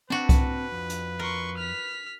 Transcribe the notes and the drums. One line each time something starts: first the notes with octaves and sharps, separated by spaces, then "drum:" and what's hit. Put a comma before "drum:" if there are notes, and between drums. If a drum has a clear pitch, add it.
C4 D4 F#4 B4 G#5 A5
drum: kick C2, hi-hat
F2
drum: hi-hat
A#4 C6 C#6
F6 B6